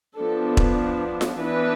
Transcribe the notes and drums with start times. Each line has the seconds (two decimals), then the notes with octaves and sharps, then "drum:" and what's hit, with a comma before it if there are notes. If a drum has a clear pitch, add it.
0.17 F3 B3 D4 A4
0.57 drum: kick E1
1.21 drum: snare F4
1.40 E3 B3 D4 B4